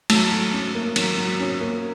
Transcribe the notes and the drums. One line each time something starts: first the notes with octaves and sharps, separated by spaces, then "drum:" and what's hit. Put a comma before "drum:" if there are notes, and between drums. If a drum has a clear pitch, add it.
F#3 A3, drum: cymbal
F#3
C#4
A#3
F#3, drum: cymbal
F#3
C#4
A#3